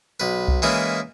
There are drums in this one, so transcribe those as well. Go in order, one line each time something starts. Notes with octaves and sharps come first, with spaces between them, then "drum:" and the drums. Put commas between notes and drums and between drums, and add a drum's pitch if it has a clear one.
B1 B4
drum: kick C2
E3 G#3 A#3 C#4 D#4 E4